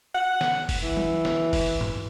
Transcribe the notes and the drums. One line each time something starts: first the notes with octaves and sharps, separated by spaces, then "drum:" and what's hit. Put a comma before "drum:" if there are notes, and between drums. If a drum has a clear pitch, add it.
F#5
drum: snare
drum: kick F#1, open hi-hat
E3
drum: tom
drum: snare
drum: kick F#1, open hi-hat
drum: tom G2